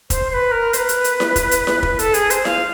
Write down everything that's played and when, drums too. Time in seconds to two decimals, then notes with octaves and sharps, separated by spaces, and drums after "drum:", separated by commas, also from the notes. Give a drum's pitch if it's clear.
0.10 C5, drum: kick, hi-hat
0.31 C5
0.34 B4
0.51 A#4
0.73 C5, drum: hi-hat
0.77 B4
0.89 drum: hi-hat
1.04 drum: hi-hat
1.20 drum: snare E4
1.36 drum: kick, hi-hat
1.51 drum: hi-hat
1.67 drum: snare E4
1.83 drum: kick
1.99 A4, drum: hi-hat
2.14 G#4, drum: hi-hat
2.30 C5, drum: hi-hat
2.45 F5, drum: snare E4